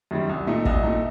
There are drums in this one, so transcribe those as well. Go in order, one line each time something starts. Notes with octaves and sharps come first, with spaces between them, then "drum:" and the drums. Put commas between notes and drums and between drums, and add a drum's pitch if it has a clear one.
F#2 D#3 G3
C2
A#2 A3 D#4
C2 D#5, drum: kick
A#2 A3 D#4